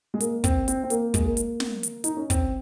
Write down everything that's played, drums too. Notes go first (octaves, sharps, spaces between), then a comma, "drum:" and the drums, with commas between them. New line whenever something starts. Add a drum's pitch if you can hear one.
G#3
A#3, drum: hi-hat
C4, drum: kick, hi-hat
C4, drum: hi-hat
C4
A#3, drum: hi-hat
G#3, drum: kick, hi-hat
A#3
drum: hi-hat
drum: snare
drum: hi-hat
D#4, drum: hi-hat
C#4
C4, drum: kick, hi-hat